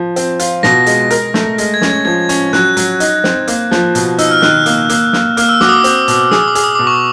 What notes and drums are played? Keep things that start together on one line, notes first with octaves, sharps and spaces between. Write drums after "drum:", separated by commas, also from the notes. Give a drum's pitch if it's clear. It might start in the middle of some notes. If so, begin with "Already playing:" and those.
Already playing: F3
C4, drum: hi-hat
F4, drum: hi-hat
B2 A#6, drum: snare
G#3, drum: hi-hat
A#4, drum: hi-hat
A3, drum: snare
G#3 A#6, drum: hi-hat
G#6
C#4, drum: snare
G#6
F3 G#6
C#4, drum: hi-hat
F#3 F#6, drum: snare
F#3, drum: hi-hat
D#4, drum: hi-hat
C4, drum: snare
A#3, drum: hi-hat
F3, drum: snare
B2, drum: hi-hat
D#4 E6, drum: hi-hat
F6
D#3 F#6, drum: snare
A#3, drum: hi-hat
A#3, drum: hi-hat
A#3, drum: snare
A#3 F6, drum: hi-hat
E6
F#4 D6, drum: snare
D#6
D6
C4, drum: hi-hat
B2, drum: hi-hat
G#4 D#6, drum: snare
D6
G#4, drum: hi-hat
D#6
B2 D6
C#6